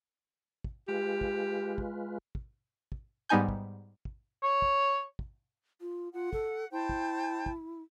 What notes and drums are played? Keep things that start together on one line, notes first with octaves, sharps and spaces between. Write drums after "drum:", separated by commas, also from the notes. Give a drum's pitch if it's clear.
drum: kick
G#3 F4 G4 B4
drum: kick
drum: kick
drum: kick
drum: kick
G#2 G3 B3 D#4 G#5 G6
drum: kick
drum: kick
C#5
drum: kick
drum: kick
F4
F4 F#5
A4, drum: kick
E4 C5 G5 A5
drum: kick
drum: kick